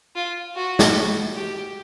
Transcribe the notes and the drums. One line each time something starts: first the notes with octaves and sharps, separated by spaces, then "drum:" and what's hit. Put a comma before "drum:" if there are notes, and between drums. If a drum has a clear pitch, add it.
F4
F#4
drum: snare
G4